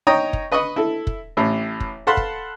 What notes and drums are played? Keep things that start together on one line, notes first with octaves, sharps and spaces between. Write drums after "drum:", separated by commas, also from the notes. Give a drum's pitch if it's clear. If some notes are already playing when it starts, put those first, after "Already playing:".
D#4 C#5 G5 A#5 D#6
drum: kick
B4 D#5 B5 C#6 D#6
E4 A4
drum: kick
A1 A2
drum: kick
A4 F5 F#5 A5 B5 C6
drum: kick